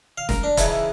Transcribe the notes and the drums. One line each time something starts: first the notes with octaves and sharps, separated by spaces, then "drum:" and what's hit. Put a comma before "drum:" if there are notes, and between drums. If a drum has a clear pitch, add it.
F5
A#4, drum: snare
D4
C#3 E3 D#4 E4 A4 B4, drum: kick, hi-hat